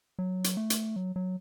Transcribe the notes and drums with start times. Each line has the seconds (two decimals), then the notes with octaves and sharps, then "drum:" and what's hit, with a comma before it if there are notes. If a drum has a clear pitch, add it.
0.19 F#3
0.44 drum: hi-hat
0.57 A3
0.70 drum: hi-hat
0.96 F#3
1.16 F#3